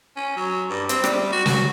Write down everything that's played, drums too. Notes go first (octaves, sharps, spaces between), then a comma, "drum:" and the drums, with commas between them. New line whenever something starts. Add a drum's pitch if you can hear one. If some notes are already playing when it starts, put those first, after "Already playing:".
C#4
F#3
G2
C4, drum: hi-hat
G3, drum: rim click
F#4
F#4, drum: snare